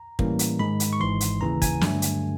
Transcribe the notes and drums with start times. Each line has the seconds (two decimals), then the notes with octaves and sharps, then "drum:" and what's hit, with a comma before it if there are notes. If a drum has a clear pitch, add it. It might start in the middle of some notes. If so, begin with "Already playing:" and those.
Already playing: A#5
0.19 A2 E3 G3 A#3 C#4, drum: kick
0.39 drum: hi-hat
0.59 G#2 D#3 G#3 B5
0.80 drum: hi-hat
0.93 C#6
1.00 G#1 G#2 E3 C6
1.21 drum: hi-hat
1.41 D#2 C#3 E3 A#5
1.62 G#5, drum: kick, hi-hat
1.81 G2 D3 F#3 A3, drum: snare
2.02 drum: hi-hat